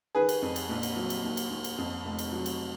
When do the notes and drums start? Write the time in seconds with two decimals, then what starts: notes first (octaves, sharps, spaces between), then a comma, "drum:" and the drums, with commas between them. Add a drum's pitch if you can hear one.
0.15 D#3 G#4 B4
0.29 drum: cymbal
0.42 F2
0.56 drum: cymbal
0.69 A#1
0.83 drum: cymbal
0.96 F#3
1.10 drum: cymbal
1.23 D#2
1.37 drum: cymbal
1.50 D#2
1.64 drum: cymbal
1.78 F2
2.05 F1
2.19 drum: cymbal
2.33 F#3
2.46 drum: cymbal